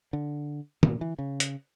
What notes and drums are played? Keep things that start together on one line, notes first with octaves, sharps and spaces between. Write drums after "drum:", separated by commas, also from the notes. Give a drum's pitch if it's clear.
D3
A#2, drum: tom
E3
C#3
drum: hi-hat